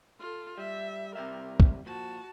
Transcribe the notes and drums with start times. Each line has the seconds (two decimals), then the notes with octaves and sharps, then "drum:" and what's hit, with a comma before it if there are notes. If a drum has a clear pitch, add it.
0.20 F4 A4
0.58 G3 E5
1.15 C3 G3 A#4 E5
1.60 drum: kick
1.86 A#2 F3 F#4 A5